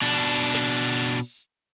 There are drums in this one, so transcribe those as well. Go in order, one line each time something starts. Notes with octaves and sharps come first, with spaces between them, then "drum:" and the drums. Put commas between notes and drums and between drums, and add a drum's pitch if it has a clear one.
B2 D4
drum: hi-hat
drum: snare
drum: hi-hat
drum: open hi-hat